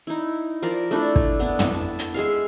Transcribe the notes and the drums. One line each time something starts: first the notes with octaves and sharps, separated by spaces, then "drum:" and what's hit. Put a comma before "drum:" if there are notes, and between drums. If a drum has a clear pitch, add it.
D#4 E4
F3 A#4 D5
A3 D4 E4 A4
drum: kick
B3 D4 E4
drum: tom
A5
drum: hi-hat
G#3 G#4 E5 F5